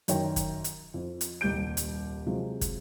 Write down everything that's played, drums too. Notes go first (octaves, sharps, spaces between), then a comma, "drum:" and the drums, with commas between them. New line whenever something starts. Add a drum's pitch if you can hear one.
F#2 D#3 C#5 G5 A#5, drum: hi-hat
drum: kick, hi-hat
drum: hi-hat
F2
drum: hi-hat
D#1 C2 G4 G6 D7
drum: hi-hat
C3 F3 F#3 G#3
drum: kick, hi-hat